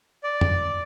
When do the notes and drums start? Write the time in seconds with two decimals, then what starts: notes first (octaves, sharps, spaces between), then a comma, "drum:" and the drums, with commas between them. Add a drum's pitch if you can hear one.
0.24 D5
0.41 drum: tom